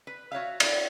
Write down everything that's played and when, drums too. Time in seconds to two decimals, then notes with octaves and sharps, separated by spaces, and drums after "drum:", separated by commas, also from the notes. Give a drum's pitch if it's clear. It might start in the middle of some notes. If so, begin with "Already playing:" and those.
0.07 B4
0.32 F#4 C#5 E5 F5
0.60 E4 D5, drum: cymbal